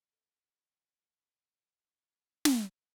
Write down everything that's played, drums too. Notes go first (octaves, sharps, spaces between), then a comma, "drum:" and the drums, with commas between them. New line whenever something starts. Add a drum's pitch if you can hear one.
A4 C5 D#5
D#4
drum: snare